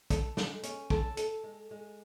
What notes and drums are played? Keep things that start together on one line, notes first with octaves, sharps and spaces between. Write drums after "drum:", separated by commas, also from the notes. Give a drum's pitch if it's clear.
A4, drum: kick, hi-hat
G#3, drum: snare
C#4, drum: hi-hat
A4, drum: kick
A4, drum: hi-hat
G#3
G#3